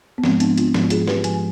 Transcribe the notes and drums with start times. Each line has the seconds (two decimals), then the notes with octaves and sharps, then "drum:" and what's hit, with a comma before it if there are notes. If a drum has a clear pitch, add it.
0.18 B3
0.24 G#2 F3 G#3 C4, drum: snare
0.40 B3 D4, drum: hi-hat
0.57 D4 F4, drum: hi-hat
0.74 G#2 F3 G#3, drum: snare
0.90 F4 G#4, drum: hi-hat
1.07 G4 B4, drum: snare
1.24 G#2 F3 G#3 G#5, drum: hi-hat